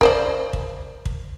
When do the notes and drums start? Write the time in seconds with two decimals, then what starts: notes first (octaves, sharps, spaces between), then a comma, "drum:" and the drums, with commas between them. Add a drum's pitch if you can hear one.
0.01 A#4 C5 D5, drum: kick
0.53 drum: kick
1.05 drum: kick